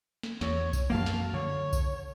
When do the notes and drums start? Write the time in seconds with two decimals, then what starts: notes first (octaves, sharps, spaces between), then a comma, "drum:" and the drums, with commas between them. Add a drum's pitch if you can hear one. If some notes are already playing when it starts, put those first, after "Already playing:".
0.23 drum: snare
0.41 E2 C#5, drum: snare
0.73 drum: kick B1, tambourine
0.90 F#2 F3 A#3 F5 A5
1.06 drum: snare
1.34 D3 C#5
1.73 drum: kick B1, tambourine